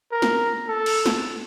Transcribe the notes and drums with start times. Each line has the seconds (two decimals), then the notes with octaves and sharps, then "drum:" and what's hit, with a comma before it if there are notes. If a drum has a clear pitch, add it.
0.12 A#4
0.22 drum: snare
0.68 A4
0.86 drum: cymbal
1.06 drum: snare